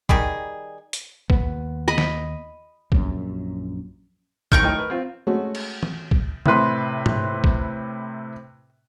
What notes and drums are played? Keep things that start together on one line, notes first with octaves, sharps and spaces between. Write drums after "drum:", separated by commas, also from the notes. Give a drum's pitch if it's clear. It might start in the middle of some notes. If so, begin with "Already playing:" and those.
D#3 G3 G#4 B5, drum: kick
drum: hi-hat
D#2 B3, drum: kick
D#5 B5
drum: snare D#3
A#1 F#2, drum: kick
C2 D#3 A#4 C#6 F6 G6, drum: kick
A2 D#4 G5
B4
C4 F4
G#3 A3 C#4 F#4
drum: cymbal
drum: tom E3
drum: kick
A2 C3 B4 C6, drum: tom C3
drum: tom G#2
drum: kick